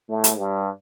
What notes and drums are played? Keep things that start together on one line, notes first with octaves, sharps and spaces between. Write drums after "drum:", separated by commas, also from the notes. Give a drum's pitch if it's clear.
A2 A3
drum: hi-hat
G2 G3